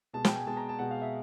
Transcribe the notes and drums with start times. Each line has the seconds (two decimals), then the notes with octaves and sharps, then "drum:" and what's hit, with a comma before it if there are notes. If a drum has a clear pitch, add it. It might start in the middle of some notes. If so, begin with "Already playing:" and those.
0.13 B2 G#3 A5
0.25 G5, drum: snare
0.36 G#5
0.46 B2 G#3 A5
0.57 A#5
0.69 A5
0.79 B2 G#3 F#5
0.91 F5
1.02 E5